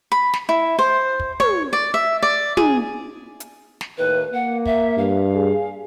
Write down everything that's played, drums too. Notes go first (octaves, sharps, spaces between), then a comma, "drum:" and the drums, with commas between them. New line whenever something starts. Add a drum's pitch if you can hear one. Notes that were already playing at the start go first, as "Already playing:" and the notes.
B5
drum: snare
E4
C5
drum: kick
C#5, drum: tom
D5
E5
D5
G#4, drum: tom
drum: hi-hat
drum: snare
D#2 A2 B4
A#3 F#5
E5, drum: kick
G2 F5
G#4